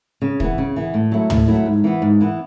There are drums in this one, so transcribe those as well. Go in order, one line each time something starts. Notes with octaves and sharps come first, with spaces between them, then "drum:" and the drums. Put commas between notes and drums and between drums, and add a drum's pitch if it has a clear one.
C#3
E3 B3, drum: kick
C#3
E3 B3
A2
F#3 A3 E4
A2, drum: tom
F#3 A3 E4
G#2
E3 B3
G#2
E3 B3